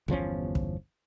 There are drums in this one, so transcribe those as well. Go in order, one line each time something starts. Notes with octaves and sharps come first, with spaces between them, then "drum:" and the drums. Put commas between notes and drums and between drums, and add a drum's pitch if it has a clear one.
G1 E2 F3 C#4, drum: kick
drum: kick